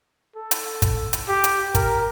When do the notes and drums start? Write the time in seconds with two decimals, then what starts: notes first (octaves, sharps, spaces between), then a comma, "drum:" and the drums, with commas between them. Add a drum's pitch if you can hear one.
0.36 A4
0.51 drum: hi-hat
0.82 drum: kick, hi-hat
1.13 drum: hi-hat
1.28 G4
1.44 drum: hi-hat
1.75 A#4, drum: kick, hi-hat